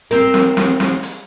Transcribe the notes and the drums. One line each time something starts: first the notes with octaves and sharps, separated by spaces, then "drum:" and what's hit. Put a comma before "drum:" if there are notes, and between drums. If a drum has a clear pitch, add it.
C4 A#4, drum: hi-hat
drum: snare
drum: snare
drum: snare
drum: hi-hat